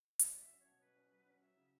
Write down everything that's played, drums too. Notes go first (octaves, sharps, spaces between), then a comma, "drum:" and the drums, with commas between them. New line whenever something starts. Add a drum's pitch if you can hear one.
C#4 D5, drum: hi-hat
F#3
E5
C#4
C#5
B2
B2 B4
C#4
F#3
C#4
F#5
F#3 E5
C#3